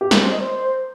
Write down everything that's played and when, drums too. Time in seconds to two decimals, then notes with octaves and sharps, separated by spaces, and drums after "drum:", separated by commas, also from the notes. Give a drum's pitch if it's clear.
0.01 G4
0.11 A#3 A#4, drum: snare
0.21 C4
0.30 D#5
0.40 C5